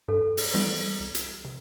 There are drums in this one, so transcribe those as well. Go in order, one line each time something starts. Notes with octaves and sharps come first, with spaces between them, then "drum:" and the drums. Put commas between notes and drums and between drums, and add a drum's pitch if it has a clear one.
G2 A4
drum: open hi-hat
E3 G3 B3 E4
C2
drum: hi-hat
C3